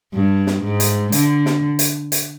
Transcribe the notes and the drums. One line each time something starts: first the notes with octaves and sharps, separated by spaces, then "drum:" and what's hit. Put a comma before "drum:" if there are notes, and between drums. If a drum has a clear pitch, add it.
G2
drum: snare
G#2
drum: hi-hat
D3, drum: hi-hat
drum: snare
drum: hi-hat
drum: hi-hat